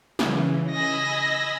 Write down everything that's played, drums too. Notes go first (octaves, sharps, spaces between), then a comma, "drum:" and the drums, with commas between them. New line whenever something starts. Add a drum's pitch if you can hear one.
C#3 E3, drum: snare
D#5 G#5 B5 E6 A#6